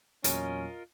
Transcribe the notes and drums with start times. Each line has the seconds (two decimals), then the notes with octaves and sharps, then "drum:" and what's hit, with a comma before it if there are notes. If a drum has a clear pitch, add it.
0.24 E2 A#2 F#3 C#4 F4 A#4 D#5, drum: hi-hat